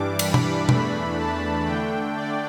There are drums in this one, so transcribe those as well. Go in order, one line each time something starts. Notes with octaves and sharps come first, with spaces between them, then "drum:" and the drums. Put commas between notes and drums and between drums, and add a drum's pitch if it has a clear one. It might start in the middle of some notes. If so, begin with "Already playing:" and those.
Already playing: G2 E3 G3 D4 D6
B5, drum: cymbal
drum: tom B2
E2 E3 A3 D4 B5, drum: tom B2
A5
D3 A3 D4 G5
D5